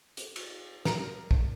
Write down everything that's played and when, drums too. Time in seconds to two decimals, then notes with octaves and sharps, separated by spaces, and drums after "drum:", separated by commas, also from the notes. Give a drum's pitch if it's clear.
0.17 drum: hi-hat
0.36 drum: cymbal
0.85 A#4, drum: snare
1.31 drum: kick